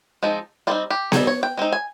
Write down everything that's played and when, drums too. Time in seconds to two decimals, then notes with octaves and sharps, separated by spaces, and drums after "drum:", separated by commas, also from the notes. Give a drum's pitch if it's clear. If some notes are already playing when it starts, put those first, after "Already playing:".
0.23 F3 G#3 C4 D#4
0.67 G3 C4 D#4 F4
0.90 G4
1.12 G3 C4 D#4 G#4, drum: snare B3
1.27 C#5
1.43 G5
1.57 G#3 C4 D#4
1.73 G#5